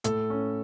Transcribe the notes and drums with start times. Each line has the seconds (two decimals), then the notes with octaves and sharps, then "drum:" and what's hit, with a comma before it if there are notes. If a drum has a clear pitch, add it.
0.04 A2 A4, drum: hi-hat
0.30 C#4